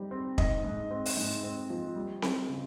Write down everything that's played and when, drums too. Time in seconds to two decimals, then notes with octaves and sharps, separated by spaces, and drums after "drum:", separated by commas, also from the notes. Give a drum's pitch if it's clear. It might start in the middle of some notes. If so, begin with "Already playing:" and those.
Already playing: G3 C4 D#4
0.11 C4
0.38 G#2 D#5, drum: kick
0.64 G#2
0.91 C4
1.06 drum: open hi-hat
1.17 G#2
1.43 C4
1.70 F3
1.96 G3
2.22 C4, drum: snare C4
2.48 C#3